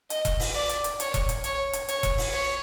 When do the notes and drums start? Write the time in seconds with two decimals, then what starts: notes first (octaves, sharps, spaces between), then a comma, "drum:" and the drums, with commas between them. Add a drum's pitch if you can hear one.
0.10 D#5, drum: hi-hat
0.25 drum: kick E1, hi-hat
0.40 drum: open hi-hat
0.55 D5
0.69 drum: hi-hat
0.84 drum: hi-hat
1.00 C#5, drum: hi-hat
1.14 drum: kick E1, hi-hat
1.29 drum: hi-hat
1.44 C#5, drum: hi-hat
1.73 drum: hi-hat
1.88 C#5, drum: hi-hat
2.03 drum: kick E1, hi-hat
2.18 drum: open hi-hat
2.33 C#5